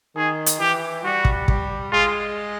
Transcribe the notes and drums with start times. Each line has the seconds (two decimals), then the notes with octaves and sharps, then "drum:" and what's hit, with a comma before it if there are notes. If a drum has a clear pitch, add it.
0.16 D#3 G#4
0.46 drum: hi-hat
0.60 E3 G4
1.04 G3 F#4
1.25 drum: kick
1.48 G3, drum: kick
1.92 G#3 F4